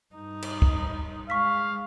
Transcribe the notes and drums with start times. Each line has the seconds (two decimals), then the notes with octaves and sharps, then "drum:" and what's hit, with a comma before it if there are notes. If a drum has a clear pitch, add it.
0.15 G2 D#4
0.43 drum: cymbal
0.62 drum: kick
1.30 G#3 F5 C#6 B6